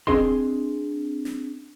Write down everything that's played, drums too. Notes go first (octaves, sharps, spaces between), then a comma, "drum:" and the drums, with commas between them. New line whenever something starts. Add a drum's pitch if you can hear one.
C4 D4 G#4 D#5 C6, drum: kick D#1
drum: snare